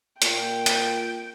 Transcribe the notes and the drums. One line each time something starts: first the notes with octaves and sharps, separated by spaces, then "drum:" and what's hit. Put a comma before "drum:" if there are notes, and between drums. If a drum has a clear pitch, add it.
A#2 G5, drum: hi-hat
drum: hi-hat